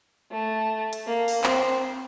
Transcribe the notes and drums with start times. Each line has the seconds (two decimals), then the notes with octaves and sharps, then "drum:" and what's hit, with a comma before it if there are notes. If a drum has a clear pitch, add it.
0.31 A3
0.93 drum: hi-hat
1.06 A#3
1.28 drum: open hi-hat
1.44 C4, drum: clap